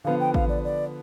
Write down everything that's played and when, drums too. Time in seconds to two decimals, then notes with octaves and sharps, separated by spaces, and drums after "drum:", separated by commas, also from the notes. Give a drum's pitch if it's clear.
0.04 D3 F3 B3 F5
0.20 G5
0.34 F5, drum: kick A1
0.49 D5
0.64 D5